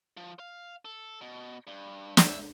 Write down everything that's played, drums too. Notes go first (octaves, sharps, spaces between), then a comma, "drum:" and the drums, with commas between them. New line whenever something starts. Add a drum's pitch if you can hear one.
F3
F5
A4
B2
G2
E5, drum: snare